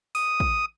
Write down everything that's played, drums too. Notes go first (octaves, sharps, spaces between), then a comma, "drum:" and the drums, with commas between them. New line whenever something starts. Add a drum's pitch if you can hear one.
D#6, drum: open hi-hat
drum: kick